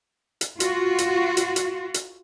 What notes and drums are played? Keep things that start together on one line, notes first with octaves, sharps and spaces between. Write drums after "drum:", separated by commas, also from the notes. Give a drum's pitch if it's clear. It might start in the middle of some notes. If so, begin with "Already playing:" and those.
drum: hi-hat
F4 F#4, drum: hi-hat
drum: hi-hat
drum: hi-hat
drum: hi-hat
drum: hi-hat